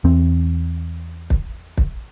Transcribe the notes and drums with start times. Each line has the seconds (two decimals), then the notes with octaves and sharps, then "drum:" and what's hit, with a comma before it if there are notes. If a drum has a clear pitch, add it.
0.04 E2 E3 C4
1.30 drum: kick
1.77 drum: kick